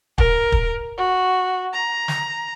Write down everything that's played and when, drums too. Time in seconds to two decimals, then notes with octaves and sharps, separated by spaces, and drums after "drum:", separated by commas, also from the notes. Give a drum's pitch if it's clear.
0.18 A#4, drum: kick
0.52 drum: kick
0.97 F#4
1.73 A#5
2.08 drum: snare